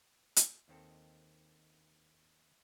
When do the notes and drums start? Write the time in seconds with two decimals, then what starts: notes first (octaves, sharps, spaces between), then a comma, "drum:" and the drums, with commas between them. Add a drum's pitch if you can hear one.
0.36 drum: hi-hat
0.68 D#2 D#3 C4 A4